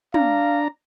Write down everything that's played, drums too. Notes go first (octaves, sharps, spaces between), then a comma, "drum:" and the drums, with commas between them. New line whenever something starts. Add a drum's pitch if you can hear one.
D4 F5 A#5, drum: tom